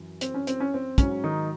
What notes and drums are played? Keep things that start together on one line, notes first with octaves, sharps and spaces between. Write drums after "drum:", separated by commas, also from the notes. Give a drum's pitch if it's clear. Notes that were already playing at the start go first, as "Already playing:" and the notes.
Already playing: F#2 E3
C4, drum: hi-hat
C#4
C4, drum: hi-hat
C#4
C4
G#2 F#3 C#4, drum: kick, hi-hat
D#3 D#4